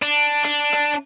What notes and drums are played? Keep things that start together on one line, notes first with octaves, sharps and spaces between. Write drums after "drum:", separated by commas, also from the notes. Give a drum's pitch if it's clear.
D4
D4, drum: hi-hat
drum: hi-hat